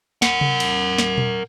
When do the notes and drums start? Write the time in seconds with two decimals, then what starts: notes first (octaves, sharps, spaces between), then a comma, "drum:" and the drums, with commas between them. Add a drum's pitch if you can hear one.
0.22 A#4 F#5, drum: snare
0.41 drum: tom C3
0.60 drum: cymbal
0.98 drum: snare
1.18 drum: tom A#2